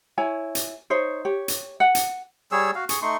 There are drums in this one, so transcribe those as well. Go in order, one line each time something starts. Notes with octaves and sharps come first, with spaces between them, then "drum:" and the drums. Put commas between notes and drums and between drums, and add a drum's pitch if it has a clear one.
E4 C#5 G#5
drum: hi-hat
D#4 C5 C#5
G4 C#5
drum: hi-hat
F#5
drum: hi-hat
G3 G#4 C#5 E6
F#4 F5
G#4 C#6, drum: hi-hat
A3 D#4 C6 C#6